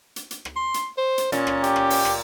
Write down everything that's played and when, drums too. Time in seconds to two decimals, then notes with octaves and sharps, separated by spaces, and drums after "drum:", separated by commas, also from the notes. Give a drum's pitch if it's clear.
0.16 drum: hi-hat
0.31 drum: hi-hat
0.45 drum: rim click
0.56 C6
0.74 drum: hi-hat
0.97 C5
1.18 drum: hi-hat
1.32 A#2 C#4, drum: hi-hat
1.47 drum: rim click
1.64 G4, drum: hi-hat
1.76 drum: rim click
1.90 drum: open hi-hat
2.05 drum: rim click